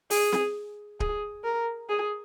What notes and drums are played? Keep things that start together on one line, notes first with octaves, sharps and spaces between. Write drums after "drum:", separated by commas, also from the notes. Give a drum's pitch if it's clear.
G#4, drum: open hi-hat
drum: snare C4
G#4, drum: kick D1
A#4
G#4